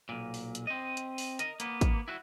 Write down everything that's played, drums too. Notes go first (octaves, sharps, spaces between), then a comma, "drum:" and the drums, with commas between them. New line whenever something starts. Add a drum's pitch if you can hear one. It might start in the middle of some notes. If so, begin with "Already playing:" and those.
B1 A#2
drum: open hi-hat
drum: hi-hat
C4 D#5
drum: hi-hat
drum: open hi-hat
A#4 D#5, drum: hi-hat
A#3 B3, drum: hi-hat
drum: kick, hi-hat
E4 F#4